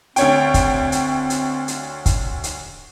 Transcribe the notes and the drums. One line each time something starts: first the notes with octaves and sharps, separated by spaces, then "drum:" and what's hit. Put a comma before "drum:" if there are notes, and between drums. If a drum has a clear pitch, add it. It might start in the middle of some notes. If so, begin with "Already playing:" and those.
D2 C4 C#5 G5, drum: hi-hat
drum: kick, hi-hat
drum: hi-hat
drum: hi-hat
drum: hi-hat
drum: kick, hi-hat
drum: hi-hat